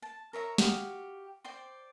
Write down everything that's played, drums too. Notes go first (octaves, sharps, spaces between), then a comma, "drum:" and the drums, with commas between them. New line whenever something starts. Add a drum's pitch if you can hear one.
A5
A#4 C#5 E5 A#5
F#4 G4 F5 D#6, drum: snare
C5 D5 G5 C6